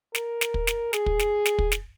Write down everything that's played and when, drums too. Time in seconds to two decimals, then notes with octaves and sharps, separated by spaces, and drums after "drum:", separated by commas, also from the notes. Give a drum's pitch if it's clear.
0.15 A#4, drum: snare
0.41 drum: snare
0.54 drum: kick
0.67 drum: snare
0.93 G#4, drum: snare
1.06 drum: kick
1.19 drum: snare
1.45 drum: snare
1.58 drum: kick
1.72 drum: snare